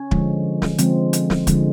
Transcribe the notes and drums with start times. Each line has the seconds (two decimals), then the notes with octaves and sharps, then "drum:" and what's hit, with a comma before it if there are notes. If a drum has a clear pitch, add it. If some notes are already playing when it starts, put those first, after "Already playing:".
Already playing: C#4
0.11 D3 F3 G#3, drum: kick
0.62 drum: snare
0.78 D3 F3 G#3 C4, drum: hi-hat
1.13 drum: hi-hat
1.30 drum: snare
1.47 D3 F3 G#3, drum: kick, hi-hat